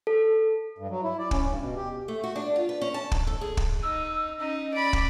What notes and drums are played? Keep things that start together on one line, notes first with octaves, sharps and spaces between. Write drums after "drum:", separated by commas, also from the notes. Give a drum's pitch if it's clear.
A4
G2
F#3
E4
D5
C#4, drum: kick
G2
B2
G4
A3
F#4
D4
F4
B4
C#4
A5
D#3, drum: kick
A4
G#4
drum: kick
D#4 E6
C#4 D#4
D5 B5
drum: kick